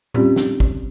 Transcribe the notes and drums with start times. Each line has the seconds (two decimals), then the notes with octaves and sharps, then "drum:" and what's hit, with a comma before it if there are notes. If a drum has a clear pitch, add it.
0.14 G3 C4 C#4 F4 G4 D5, drum: tom A2
0.36 drum: snare
0.60 drum: kick